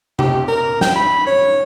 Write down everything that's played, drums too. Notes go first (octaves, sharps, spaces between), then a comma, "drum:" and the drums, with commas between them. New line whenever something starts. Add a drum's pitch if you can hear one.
G4, drum: tom C3
A#4
G5, drum: snare
B5
C#5